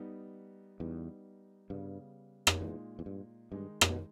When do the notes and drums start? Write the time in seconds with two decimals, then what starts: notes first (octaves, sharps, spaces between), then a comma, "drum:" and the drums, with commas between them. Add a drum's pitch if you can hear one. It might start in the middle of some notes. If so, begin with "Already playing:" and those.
Already playing: G3 B3 D#4
0.80 E2 G3 B3 D#4
1.70 G2 C#3 G3 B3
2.47 drum: rim click
2.61 E2 A#2 G#3 D#4
2.99 E2
3.06 G2
3.52 G2 D#3 G#3 D#4
3.81 A#2, drum: rim click
3.90 B2